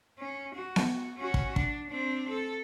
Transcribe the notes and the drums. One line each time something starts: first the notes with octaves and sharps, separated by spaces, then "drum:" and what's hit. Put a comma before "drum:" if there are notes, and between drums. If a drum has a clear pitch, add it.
C#4
F#4
drum: snare B3
C#4 F#4
drum: kick
D4, drum: kick
C4 D4
A4